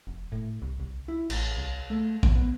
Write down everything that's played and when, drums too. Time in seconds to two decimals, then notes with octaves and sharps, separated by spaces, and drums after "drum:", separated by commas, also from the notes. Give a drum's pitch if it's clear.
0.07 F1
0.32 A2
0.62 C2
0.80 C2
1.08 E4
1.30 A1, drum: cymbal
1.57 C2
1.90 A3
2.23 G#1, drum: kick A#1
2.35 B3